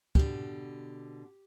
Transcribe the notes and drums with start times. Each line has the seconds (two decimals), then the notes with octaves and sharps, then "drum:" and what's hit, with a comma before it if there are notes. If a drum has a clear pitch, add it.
0.15 B2 D3 G4, drum: kick